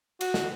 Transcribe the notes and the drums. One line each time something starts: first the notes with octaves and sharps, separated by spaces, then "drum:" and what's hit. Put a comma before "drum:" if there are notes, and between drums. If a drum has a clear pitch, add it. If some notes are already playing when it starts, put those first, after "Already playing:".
F#4, drum: cymbal
drum: snare